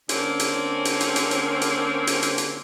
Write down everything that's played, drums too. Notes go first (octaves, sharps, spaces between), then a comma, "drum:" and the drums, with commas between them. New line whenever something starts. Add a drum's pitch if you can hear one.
D3 A#3 C4 C#4, drum: hi-hat
drum: hi-hat
drum: hi-hat
drum: hi-hat
drum: hi-hat
drum: hi-hat
drum: hi-hat
drum: hi-hat
drum: hi-hat
drum: hi-hat